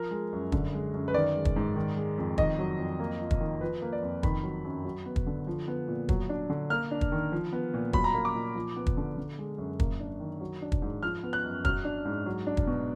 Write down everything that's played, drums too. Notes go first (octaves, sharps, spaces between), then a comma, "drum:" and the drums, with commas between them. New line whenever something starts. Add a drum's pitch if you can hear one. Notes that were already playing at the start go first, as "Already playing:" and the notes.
Already playing: F3 A#4
G#3
F#2
D3, drum: kick
G#3
F#2
B4
D#3 D5
G#3
drum: kick
G#2
D#3
G#3
F2
D#3 D#5, drum: kick
F#3
F2
A#3
F4
drum: kick
D#3
F3 B4
A#3
D5
F2
D#3 B5, drum: kick
F#3
F#2
F#3
B3
drum: kick
D3
F3
B3
A#2
F#3, drum: kick
D4
D3
A#3 F6
D4
drum: kick
D#3
F3
B3
A#2
F#3 B5, drum: kick
A#5
A#3 B5
D6
A#2
F3
B3
drum: kick
D3
D3
G#3
F#2
A#3, drum: kick
D4
D#3
F#3
D4
drum: kick
G#2
F3 F6
B3
F#6
F#2
F#3 F6, drum: kick
D4
G#2
F#3
D4
drum: kick
B2